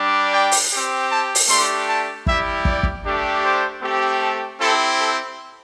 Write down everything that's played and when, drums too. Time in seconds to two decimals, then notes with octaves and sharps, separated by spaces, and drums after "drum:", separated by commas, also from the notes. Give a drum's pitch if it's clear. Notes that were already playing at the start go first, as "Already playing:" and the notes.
Already playing: G3 D4 G4
0.32 G5
0.52 drum: open hi-hat
0.71 C4 G4
1.09 A5
1.35 drum: open hi-hat
1.48 A3 D4 G4 C6, drum: hi-hat
1.87 A5
2.26 G3 E4 G4 E5, drum: kick
2.65 D5, drum: kick
2.83 drum: kick
3.04 A3 D4 G4
3.43 C5
3.82 A3 C4 G4
4.21 A4
4.59 C4 E4 G4 A4
4.98 A4